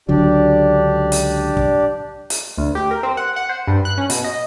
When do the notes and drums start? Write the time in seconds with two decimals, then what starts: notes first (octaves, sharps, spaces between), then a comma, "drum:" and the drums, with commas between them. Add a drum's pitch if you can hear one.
0.09 C#2 D3 F#3 D4 G4 D5
1.12 drum: hi-hat
1.57 drum: kick
2.30 drum: hi-hat
2.58 D2
2.75 G4
2.91 A#4
3.03 C4
3.17 F#5
3.36 F#5
3.49 C5
3.67 G2
3.85 F#6
3.98 C#4
4.10 B2, drum: hi-hat
4.24 D#5